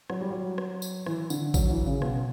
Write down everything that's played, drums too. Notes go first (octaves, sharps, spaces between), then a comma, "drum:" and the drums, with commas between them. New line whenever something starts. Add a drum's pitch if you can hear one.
F#3, drum: rim click
G3
F#3
drum: rim click
drum: tambourine
E3, drum: rim click
D3, drum: tambourine
F#3, drum: kick G#1, tambourine
E3
C#3
B2, drum: rim click